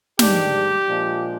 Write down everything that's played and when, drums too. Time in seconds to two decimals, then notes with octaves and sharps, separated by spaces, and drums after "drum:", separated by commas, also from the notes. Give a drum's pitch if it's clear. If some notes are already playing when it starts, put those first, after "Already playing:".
0.19 G#2 D#3 G3 D4 G4, drum: snare
0.87 A#2 F3 G#3 D4